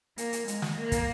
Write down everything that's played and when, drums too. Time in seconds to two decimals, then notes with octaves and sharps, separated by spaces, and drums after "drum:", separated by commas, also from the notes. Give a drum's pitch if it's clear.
0.18 A#3, drum: hi-hat
0.33 drum: hi-hat
0.48 G#3, drum: hi-hat
0.62 drum: snare
0.76 A#3
0.92 drum: kick, hi-hat